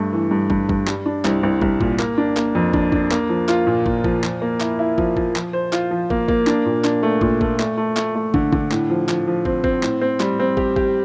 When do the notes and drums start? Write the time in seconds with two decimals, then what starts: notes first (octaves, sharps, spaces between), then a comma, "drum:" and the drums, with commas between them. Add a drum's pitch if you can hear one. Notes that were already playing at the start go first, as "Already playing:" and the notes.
Already playing: G2 A3
0.13 E3
0.31 G2
0.50 G2, drum: kick
0.69 G2, drum: kick
0.87 G3, drum: clap
1.06 D4
1.25 C2, drum: clap
1.43 C2
1.62 C2, drum: kick
1.80 A#2, drum: kick
1.99 A#3, drum: clap
2.18 D4
2.36 A#3, drum: clap
2.55 F2
2.73 D4, drum: kick
2.92 D4, drum: kick
3.11 A#3, drum: clap
3.30 F3
3.48 F4, drum: clap
3.67 A#2
3.86 A#2, drum: kick
4.04 F3, drum: kick
4.23 F3, drum: clap
4.42 A#3
4.60 E4, drum: clap
4.79 E4
4.98 F3, drum: kick
5.16 F3, drum: kick
5.35 F3, drum: clap
5.53 C5
5.73 F4, drum: clap
5.91 F3
6.10 A#3, drum: kick
6.28 A#3, drum: kick
6.47 D4, drum: clap
6.66 A#2
6.84 D4, drum: clap
7.03 A3
7.21 A#2, drum: kick
7.41 A3, drum: kick
7.59 A3, drum: clap
7.78 A3
7.96 A3, drum: clap
8.15 A3
8.34 D3, drum: kick
8.52 D3, drum: kick
8.71 A2, drum: clap
8.90 F3
9.08 F3, drum: clap
9.27 F3
9.45 C4, drum: kick
9.64 C4, drum: kick
9.83 A2, drum: clap
10.01 C4
10.20 G3, drum: clap
10.40 C4
10.57 G4, drum: kick
10.76 G4, drum: kick